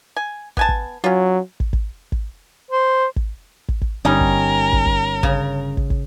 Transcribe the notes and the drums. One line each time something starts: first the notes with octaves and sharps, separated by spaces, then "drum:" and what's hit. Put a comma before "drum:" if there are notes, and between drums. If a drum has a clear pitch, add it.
G#5
B3 G#5 A5, drum: kick
drum: kick
F#3 C#4 F4
drum: kick
drum: kick
drum: kick
C5
drum: kick
drum: kick
drum: kick
G1 G3 C#4 D#4 A#4
drum: kick
drum: kick
drum: kick
C#3, drum: kick
drum: kick
drum: kick